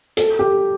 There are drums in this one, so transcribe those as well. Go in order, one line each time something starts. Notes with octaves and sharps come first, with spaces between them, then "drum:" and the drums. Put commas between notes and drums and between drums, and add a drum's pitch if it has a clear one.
A4, drum: hi-hat
G4